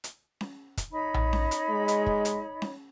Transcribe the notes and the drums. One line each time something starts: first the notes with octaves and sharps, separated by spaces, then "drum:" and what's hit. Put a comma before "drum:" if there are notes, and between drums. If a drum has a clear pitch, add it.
drum: hi-hat
drum: snare C#4
drum: kick, hi-hat
D#4 C#5 B5
drum: tom A#1
drum: snare C#4
drum: hi-hat
G#3
drum: hi-hat
drum: kick
drum: hi-hat
drum: snare C#4